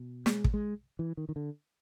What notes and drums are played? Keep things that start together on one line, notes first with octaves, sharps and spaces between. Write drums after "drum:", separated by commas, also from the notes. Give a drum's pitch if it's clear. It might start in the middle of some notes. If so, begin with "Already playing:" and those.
Already playing: B2
G#3, drum: snare
drum: kick
G#3
E3
D#3
D#3
D3